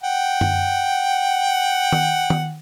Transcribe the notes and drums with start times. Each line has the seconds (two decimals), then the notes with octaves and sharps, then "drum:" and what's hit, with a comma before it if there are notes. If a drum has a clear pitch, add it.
0.03 F#5 G5
0.41 drum: tom F#2
1.93 drum: tom D#3
2.30 drum: tom D#3